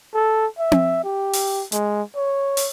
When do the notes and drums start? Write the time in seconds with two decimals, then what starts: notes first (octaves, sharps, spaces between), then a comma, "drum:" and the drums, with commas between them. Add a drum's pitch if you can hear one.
0.14 A4
0.59 E5
0.72 drum: tom C4
1.04 G4
1.33 drum: open hi-hat
1.72 G#3, drum: hi-hat
2.16 C#5
2.57 drum: open hi-hat